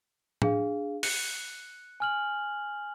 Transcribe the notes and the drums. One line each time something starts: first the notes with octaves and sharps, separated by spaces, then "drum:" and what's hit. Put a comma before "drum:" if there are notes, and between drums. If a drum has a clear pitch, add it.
D4 G#4 F5, drum: tom A2
F#6 C#7, drum: open hi-hat
G#5 F6 F#7